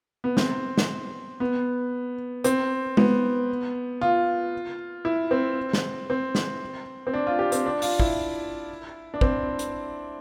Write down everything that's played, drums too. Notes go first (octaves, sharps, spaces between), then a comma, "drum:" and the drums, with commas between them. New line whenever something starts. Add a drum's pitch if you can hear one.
B3
C4, drum: snare
drum: snare
B3
C4, drum: hi-hat
B3, drum: tom G#3
F4
E4
C4
drum: snare
C4
drum: snare
C4
D4
F4
G4
C4, drum: hi-hat
D4
F4, drum: open hi-hat
E4, drum: kick
D4
C4, drum: kick
drum: hi-hat